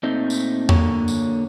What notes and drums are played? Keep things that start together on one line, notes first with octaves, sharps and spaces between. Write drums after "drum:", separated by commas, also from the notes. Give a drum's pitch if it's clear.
A#2 A3 C4 D#4
drum: tambourine
D3 A#3 C#5, drum: tom E2
drum: tambourine